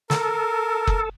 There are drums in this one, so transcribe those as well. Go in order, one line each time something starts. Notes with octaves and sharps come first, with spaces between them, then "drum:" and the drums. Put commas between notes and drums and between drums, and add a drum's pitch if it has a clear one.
A4 A#4, drum: snare
drum: kick F#1